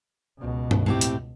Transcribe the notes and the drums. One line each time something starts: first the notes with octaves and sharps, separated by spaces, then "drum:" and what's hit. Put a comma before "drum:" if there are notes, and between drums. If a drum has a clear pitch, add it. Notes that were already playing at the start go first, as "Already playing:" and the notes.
C#2 B2
drum: tom G2
A2 C4 G4
drum: hi-hat